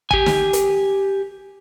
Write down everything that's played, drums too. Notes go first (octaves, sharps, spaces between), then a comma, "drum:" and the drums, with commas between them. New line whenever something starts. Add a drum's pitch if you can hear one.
G4 G#5, drum: kick
drum: snare
drum: hi-hat